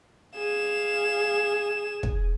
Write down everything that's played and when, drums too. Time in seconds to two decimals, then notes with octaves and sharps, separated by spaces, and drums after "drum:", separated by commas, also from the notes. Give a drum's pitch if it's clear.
0.37 G#4 F5 E7
2.03 drum: kick